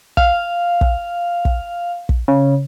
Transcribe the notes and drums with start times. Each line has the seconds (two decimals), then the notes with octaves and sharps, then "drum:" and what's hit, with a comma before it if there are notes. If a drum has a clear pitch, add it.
0.17 F5, drum: kick
0.81 drum: kick
1.45 drum: kick
2.09 drum: kick
2.28 C#3